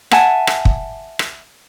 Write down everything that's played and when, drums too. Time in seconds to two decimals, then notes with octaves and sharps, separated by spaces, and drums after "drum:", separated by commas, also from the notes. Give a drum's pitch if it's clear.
0.11 E5 F#5 G#5 A5, drum: rim click
0.47 drum: rim click
0.65 drum: kick
1.19 drum: rim click